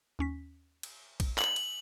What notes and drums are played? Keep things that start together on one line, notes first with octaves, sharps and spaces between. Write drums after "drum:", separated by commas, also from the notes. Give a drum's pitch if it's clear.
D#2 C#4 B6
drum: cymbal
drum: kick, cymbal
F#7, drum: clap
drum: cymbal